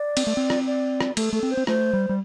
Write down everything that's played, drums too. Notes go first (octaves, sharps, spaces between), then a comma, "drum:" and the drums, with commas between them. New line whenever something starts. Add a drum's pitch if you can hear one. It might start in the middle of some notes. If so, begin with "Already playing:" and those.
Already playing: D5
C4, drum: cymbal
A3
C4
drum: rim click
D5
drum: rim click
A3 A4, drum: cymbal
A3 A4
C4
C5
C4
A3 C5, drum: rim click
G3
G3